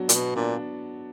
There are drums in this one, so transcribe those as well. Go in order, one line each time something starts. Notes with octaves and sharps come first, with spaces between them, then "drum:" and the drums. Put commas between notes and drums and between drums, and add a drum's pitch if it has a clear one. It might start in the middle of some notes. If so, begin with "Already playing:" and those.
Already playing: F#3 B3 D4 F#4
A#2, drum: hi-hat
B2 B3
A#2 D4